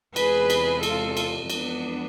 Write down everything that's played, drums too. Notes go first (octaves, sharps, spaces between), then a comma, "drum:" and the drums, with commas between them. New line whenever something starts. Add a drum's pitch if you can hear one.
E2 C3 G#3 G#4 B4, drum: cymbal
drum: cymbal
F4 A4, drum: cymbal
drum: cymbal
F2 E3 G#3 B3 D4, drum: cymbal